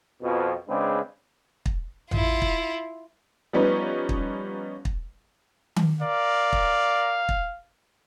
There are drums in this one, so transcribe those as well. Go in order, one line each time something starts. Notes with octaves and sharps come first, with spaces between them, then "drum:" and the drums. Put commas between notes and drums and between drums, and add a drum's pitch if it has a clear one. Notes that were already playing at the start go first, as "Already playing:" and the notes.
F2 B2
C#3 G#3 C4 D4 B4
drum: kick
E4 F4, drum: tom A1
drum: kick
F3 G3 B3 C#4 D#4 B4
drum: kick
drum: kick
drum: tom D#3
A#4 D5 F5
drum: kick
drum: kick